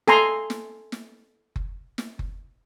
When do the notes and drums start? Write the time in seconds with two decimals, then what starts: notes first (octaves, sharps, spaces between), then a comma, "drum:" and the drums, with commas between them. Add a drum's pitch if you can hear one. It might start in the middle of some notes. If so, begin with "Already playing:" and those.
0.08 A4 G#5 A#5 C6, drum: snare
0.50 drum: snare
0.92 drum: snare
1.56 drum: kick F#1
1.98 drum: snare
2.19 drum: kick F#1